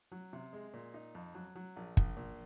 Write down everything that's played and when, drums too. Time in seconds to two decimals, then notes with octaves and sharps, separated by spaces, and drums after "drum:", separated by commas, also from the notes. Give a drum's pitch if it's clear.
0.12 F#3
0.33 C3
0.53 G#3
0.74 A#2
0.94 D#4
1.15 F2
1.35 F#3
1.56 F#3
1.76 A#1
1.97 A#1, drum: kick
2.17 A#2